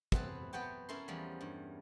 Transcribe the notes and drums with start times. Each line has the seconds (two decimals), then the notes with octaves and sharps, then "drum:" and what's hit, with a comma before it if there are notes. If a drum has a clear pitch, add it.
0.12 E3 B3 C4 B4 A5, drum: kick
0.53 F#3 B3 C#5 G5 A5
0.89 C#4 E4 A#4 A5 C6
1.08 E2 F3 G3
1.41 G2